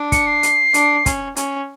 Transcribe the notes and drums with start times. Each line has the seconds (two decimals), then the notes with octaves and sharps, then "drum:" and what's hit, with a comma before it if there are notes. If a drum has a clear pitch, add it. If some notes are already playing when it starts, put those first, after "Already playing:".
Already playing: D4
0.12 C#7, drum: kick, hi-hat
0.27 C7
0.43 drum: hi-hat
0.74 D4, drum: hi-hat
1.06 C#4, drum: kick, hi-hat
1.36 C#4, drum: hi-hat